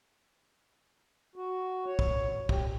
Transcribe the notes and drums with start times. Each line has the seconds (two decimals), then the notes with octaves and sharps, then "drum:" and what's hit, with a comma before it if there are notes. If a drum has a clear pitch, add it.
1.36 F#4
1.85 C#5
1.99 drum: kick
2.49 G4, drum: kick